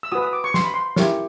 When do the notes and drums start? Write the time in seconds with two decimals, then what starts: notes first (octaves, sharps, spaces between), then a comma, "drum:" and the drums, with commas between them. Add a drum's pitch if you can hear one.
0.03 E6
0.12 F#4 B4 D#6
0.23 D#6
0.33 D6
0.44 C#6
0.54 C6, drum: snare
0.64 B5
0.74 C6
0.96 E4 G4 A#4 C#5, drum: snare